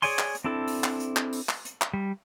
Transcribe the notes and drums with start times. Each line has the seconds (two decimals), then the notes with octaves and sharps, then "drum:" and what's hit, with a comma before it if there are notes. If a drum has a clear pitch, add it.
0.02 G#4 C#5 D5 G#5 C6, drum: open hi-hat
0.19 drum: clap
0.35 drum: hi-hat
0.44 C4 D4 E4 A4
0.68 drum: open hi-hat
0.84 drum: clap
1.00 drum: hi-hat
1.16 drum: clap
1.33 drum: open hi-hat
1.49 drum: clap
1.65 drum: hi-hat
1.82 drum: clap
1.94 G3